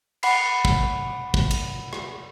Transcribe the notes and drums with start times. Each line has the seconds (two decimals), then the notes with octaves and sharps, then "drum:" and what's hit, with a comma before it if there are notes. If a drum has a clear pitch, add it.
0.23 F#5 B5 C7, drum: cymbal
0.65 drum: kick
1.34 drum: kick
1.51 drum: cymbal
1.93 drum: rim click